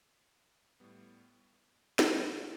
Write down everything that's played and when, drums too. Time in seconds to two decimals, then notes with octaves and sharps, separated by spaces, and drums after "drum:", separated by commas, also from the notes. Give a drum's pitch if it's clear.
0.80 A2 G3 B3
1.99 G2 D3 F#3 A3 C#4, drum: snare